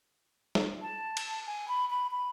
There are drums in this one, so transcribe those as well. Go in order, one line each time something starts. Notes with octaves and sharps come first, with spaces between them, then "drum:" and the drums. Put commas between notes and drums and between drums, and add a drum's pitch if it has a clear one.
drum: snare
A5
drum: cymbal
G#5
B5
B5
B5